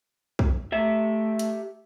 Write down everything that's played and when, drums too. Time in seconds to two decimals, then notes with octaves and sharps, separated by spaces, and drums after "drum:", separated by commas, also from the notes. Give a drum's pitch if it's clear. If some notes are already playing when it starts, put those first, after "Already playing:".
0.39 drum: kick
0.72 A3 G4 E5
1.39 drum: hi-hat